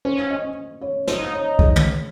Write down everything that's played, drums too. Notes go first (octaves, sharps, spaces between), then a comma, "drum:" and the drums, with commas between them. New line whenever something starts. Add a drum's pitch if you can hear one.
C#4 C5
D#5
C#5
D#4 C5, drum: snare
C#5
G#4, drum: kick C2
drum: tom